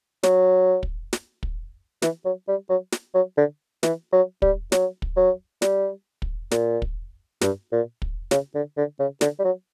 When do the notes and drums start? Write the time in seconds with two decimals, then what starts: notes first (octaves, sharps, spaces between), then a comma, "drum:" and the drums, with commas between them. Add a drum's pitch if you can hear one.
0.23 F#3, drum: snare
0.83 drum: kick
1.13 drum: snare
1.43 drum: kick
2.02 E3, drum: snare
2.25 F#3
2.48 G3
2.70 F#3
2.92 drum: snare
3.14 F#3
3.37 D3
3.83 E3, drum: snare
4.12 F#3
4.42 G3, drum: kick
4.72 F#3, drum: snare
5.02 drum: kick
5.16 F#3
5.62 G3, drum: snare
6.22 drum: kick
6.51 A#2, drum: snare
6.82 drum: kick
7.41 G2, drum: snare
7.72 A#2
8.02 drum: kick
8.31 C#3, drum: snare
8.55 D3
8.77 D3
8.99 C#3
9.21 D3, drum: snare
9.39 G3
9.44 F#3